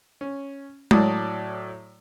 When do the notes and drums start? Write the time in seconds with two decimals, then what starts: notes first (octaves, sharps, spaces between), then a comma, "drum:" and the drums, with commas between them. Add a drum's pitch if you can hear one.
0.21 C#4
0.91 A2 F#3 D5 A5 D#6, drum: tom G#3